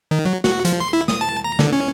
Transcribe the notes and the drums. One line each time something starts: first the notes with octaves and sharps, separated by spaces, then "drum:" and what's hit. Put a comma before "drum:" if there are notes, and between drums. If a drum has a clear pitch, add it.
D#3
F#3
F#4, drum: snare
F3, drum: hi-hat
C6
E4
D#6, drum: snare
A5
A#5
D3, drum: snare
C#4